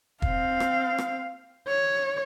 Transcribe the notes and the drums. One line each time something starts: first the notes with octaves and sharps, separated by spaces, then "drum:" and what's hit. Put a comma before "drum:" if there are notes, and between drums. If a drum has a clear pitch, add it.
C4 F5, drum: kick
drum: rim click
drum: rim click
C#5